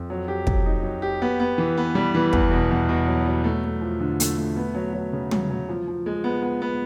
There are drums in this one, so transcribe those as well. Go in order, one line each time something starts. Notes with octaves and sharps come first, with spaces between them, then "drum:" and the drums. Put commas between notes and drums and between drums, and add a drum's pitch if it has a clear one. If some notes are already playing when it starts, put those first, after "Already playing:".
Already playing: F2
F#3
G4
F#3, drum: kick
D#4
F#3
G4
B3
B3
E3
B3
G3
E3
E2, drum: kick
B2
E2
B2
F#3
F#3
A3
A3
F3
D3
A3, drum: hi-hat
A3
B3
F#3
F#3
C#3
F#3, drum: tom
F#3
F3
F3
G#3
B3
B3
B3